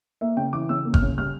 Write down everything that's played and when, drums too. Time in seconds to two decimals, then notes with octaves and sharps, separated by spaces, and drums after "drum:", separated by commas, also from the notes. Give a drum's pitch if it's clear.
0.21 A#3 E5
0.37 C#3 G5
0.53 E3 D6
0.69 C#3 E6
0.85 A#3
0.94 F6, drum: kick G1
1.02 C#3
1.18 G3 F6